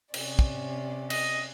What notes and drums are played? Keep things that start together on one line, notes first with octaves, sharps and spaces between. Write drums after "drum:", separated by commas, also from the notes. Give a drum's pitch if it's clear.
C3 C#4 D5, drum: cymbal
drum: kick
D#5, drum: cymbal